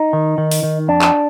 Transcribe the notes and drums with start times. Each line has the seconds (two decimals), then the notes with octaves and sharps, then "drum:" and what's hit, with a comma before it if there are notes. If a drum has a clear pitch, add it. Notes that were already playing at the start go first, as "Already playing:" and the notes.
Already playing: D#4
0.13 D#3
0.38 D#3
0.51 drum: open hi-hat
0.63 D#3
0.88 F2 D4
1.01 drum: clap